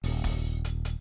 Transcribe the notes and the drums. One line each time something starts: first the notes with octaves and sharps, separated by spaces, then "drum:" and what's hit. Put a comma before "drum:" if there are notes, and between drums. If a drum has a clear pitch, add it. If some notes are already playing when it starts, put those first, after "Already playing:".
D#1, drum: open hi-hat
drum: kick, open hi-hat
drum: hi-hat
drum: hi-hat